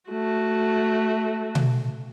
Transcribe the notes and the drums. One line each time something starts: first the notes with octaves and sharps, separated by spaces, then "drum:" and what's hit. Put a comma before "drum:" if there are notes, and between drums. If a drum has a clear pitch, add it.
A3 F#4
drum: tom B2